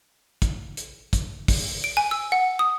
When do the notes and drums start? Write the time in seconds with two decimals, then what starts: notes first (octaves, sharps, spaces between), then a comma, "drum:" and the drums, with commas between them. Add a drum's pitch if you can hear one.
0.42 drum: kick, hi-hat
0.77 drum: hi-hat
1.13 drum: kick, hi-hat
1.48 drum: kick, open hi-hat
1.84 D7
1.97 G#5
2.11 E6
2.32 F#5
2.59 D#6